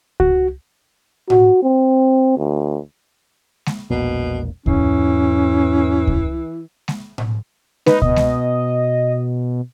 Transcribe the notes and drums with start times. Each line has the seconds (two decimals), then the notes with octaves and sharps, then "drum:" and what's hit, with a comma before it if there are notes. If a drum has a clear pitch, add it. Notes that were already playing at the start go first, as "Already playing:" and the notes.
0.20 F#4, drum: kick C#2
1.30 F#4, drum: tom A2
1.63 C4
2.37 D2
3.66 drum: snare G#3
3.90 E1 A#1 B2 A#3
4.66 E2 G#2 E3 C#4, drum: kick C#2
6.07 drum: kick C#2
6.88 drum: snare G#3
7.18 drum: tom A2
7.86 D#4 B4, drum: snare G#3
8.02 B2 D#5, drum: kick C#2
8.16 drum: snare G#3